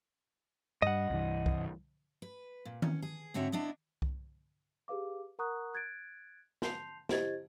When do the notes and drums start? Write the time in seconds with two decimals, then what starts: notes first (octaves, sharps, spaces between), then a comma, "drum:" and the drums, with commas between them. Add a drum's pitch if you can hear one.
0.82 G2 G3 D#5 F#5
1.10 C2 G2 E3
1.46 drum: kick C2
2.22 B4
2.65 A#2
2.82 C#4, drum: tom D#3
3.02 G#4
3.34 G#2 D3 C4 F#4 C#5 E5
3.52 B3 D4 E4 D5 D#5
4.02 drum: kick C2
4.88 G4 G#4 B4 F5 D6
5.39 A#4 F#5 A#5 C#6 D#6 F#6
5.74 F#6 G#6 A6 D7
6.62 A5 C6 G6 C7 F7, drum: snare
7.09 E4 G4 C5 D#5 G#6 A6, drum: snare